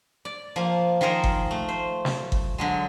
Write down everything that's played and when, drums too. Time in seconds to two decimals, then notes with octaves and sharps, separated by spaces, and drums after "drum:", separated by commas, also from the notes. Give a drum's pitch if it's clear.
0.25 D5
0.56 F3 A#3
1.01 D#3 F3 G#4 A#4 C5
1.24 drum: kick G1
1.51 A3
1.69 C5
2.05 drum: snare
2.32 drum: kick G1
2.58 D3 F#3 G#3